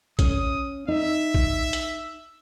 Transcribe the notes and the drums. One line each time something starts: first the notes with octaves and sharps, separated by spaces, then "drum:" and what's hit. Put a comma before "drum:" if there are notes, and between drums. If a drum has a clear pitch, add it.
C#4 D#6, drum: kick A#1, hi-hat
D#4 E5
drum: kick A#1
drum: hi-hat